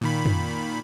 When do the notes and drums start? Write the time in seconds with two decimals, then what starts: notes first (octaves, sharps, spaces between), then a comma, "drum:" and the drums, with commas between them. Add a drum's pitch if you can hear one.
0.01 A#2 D#3 B5
0.26 drum: tom